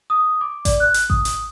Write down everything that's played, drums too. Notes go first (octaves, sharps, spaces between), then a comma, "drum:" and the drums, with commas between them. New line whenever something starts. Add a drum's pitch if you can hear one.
D#6
D6
D5, drum: kick A1, hi-hat
F#6
drum: hi-hat
D#6, drum: kick A1
drum: hi-hat